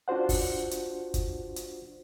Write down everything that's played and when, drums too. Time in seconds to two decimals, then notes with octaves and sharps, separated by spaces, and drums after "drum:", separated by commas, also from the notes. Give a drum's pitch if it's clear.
0.08 D4 F4 F#4 C5 F#5
0.29 drum: kick, open hi-hat
0.71 drum: hi-hat
1.14 drum: kick, hi-hat
1.56 drum: hi-hat